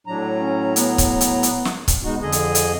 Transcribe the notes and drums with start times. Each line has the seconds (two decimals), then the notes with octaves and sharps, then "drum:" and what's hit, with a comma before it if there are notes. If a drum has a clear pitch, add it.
0.07 A2 F#3 D4 A#5
0.33 C#4
0.76 B3, drum: hi-hat
0.98 drum: kick, hi-hat
1.21 drum: hi-hat
1.43 drum: hi-hat
1.65 drum: snare
1.88 drum: kick, hi-hat
2.03 G#3 B3 D#4 F#4
2.22 F2 D3 G#4 D#5
2.32 drum: hi-hat
2.55 drum: hi-hat